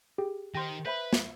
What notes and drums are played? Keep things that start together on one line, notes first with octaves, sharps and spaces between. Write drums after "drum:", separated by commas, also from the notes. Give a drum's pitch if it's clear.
G4 G#4 G5
D#3 G4 C5 C6 A#6
B4 C5 E5 B5
G#6, drum: snare